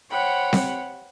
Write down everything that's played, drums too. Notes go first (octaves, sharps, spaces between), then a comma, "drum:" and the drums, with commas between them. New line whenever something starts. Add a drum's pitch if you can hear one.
C5 C#5 F#5 G5 B5
drum: snare C4